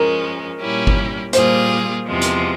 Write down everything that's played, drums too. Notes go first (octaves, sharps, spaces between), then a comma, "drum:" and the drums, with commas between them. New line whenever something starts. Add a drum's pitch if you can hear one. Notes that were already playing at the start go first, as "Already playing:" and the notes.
Already playing: F3 G#3 C#4 A#4
A#2 G3 C#4 E4 G4
drum: kick
A#2 G3 A#3 F4 G#4 C5, drum: hi-hat
E2 C3 F3 G#3
drum: hi-hat